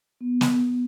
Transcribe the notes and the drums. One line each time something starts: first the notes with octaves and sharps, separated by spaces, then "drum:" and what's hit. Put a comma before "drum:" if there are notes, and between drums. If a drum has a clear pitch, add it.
B3
B3, drum: snare
B3